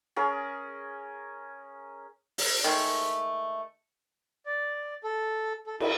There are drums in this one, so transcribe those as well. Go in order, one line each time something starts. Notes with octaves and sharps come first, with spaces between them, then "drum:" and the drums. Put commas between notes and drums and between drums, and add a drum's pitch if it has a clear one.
C#4 G#4 A#4
drum: open hi-hat
D#3 G#3 A3
D5
A4
A4
E4, drum: cymbal